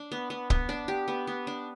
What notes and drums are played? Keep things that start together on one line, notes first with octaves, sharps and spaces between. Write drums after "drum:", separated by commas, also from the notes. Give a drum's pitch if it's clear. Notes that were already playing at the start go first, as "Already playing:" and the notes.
Already playing: D4
B3
B3
B3, drum: kick C#1
D4
G4
B3
B3
D4